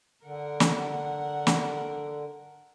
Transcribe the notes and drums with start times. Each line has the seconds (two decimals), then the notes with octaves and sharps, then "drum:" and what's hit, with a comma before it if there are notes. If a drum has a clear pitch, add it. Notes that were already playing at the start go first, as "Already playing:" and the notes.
0.25 D3 A#4 F#5
0.60 drum: snare
1.47 drum: snare